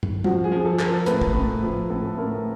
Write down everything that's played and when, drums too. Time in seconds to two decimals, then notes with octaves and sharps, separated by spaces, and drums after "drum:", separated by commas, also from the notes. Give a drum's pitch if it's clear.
0.03 drum: tom
0.24 F3 F#4, drum: tom
0.44 G#4
0.52 F3
0.65 A4
0.79 F3, drum: clap
0.86 A#4
1.06 A2 B4, drum: hi-hat
1.21 drum: kick
1.34 A2
1.62 F3
1.90 A2 A4
2.17 A2 A#4